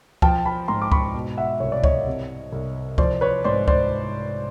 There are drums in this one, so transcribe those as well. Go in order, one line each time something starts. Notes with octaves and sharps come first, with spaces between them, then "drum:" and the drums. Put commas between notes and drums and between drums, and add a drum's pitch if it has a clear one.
F3 G5 A5, drum: kick C#2
A5 B5
G#2 A#5 C6
D6
B5 C#6, drum: kick C#2
B2
E5 F#5
C2 C#5
D5
C#5 D#5, drum: kick C#2
C3
C2
F3 C5 D5, drum: kick C#2
B4 C#5
G#2 C5 D5
C5 D5, drum: kick C#2